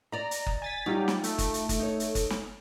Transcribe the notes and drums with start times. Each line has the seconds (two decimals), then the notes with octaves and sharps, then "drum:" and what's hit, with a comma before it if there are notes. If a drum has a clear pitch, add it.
0.12 D5 D#5 A#5
0.31 drum: hi-hat
0.46 drum: kick F#1
0.62 G#5 A6 B6
0.86 F#3 G3 D#4 F4 G4
1.08 drum: snare
1.23 A3, drum: hi-hat
1.38 drum: kick F#1, hi-hat
1.54 drum: hi-hat
1.69 drum: kick F#1, hi-hat
1.80 D#4 C#5
2.00 drum: hi-hat
2.15 drum: kick F#1, hi-hat
2.30 drum: snare